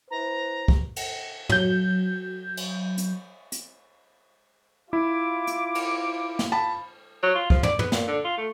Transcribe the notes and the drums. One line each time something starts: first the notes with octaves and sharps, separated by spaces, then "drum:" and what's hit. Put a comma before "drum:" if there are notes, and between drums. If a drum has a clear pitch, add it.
E4 B4 C5 A#5
drum: kick C2
drum: cymbal
F#3 G6, drum: tom
drum: cymbal
drum: hi-hat
drum: hi-hat
E4 F4 D6
drum: hi-hat
drum: cymbal
drum: snare
A5 B5
F#3
F4
F3, drum: kick C2
D5, drum: tom
B3, drum: tom
A#2, drum: snare
D3
F4
A3